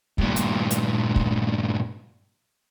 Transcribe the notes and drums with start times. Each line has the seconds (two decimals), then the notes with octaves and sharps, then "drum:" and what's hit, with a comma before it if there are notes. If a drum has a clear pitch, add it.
0.18 G2 A#2, drum: kick
0.36 drum: hi-hat
0.70 drum: hi-hat
1.16 drum: kick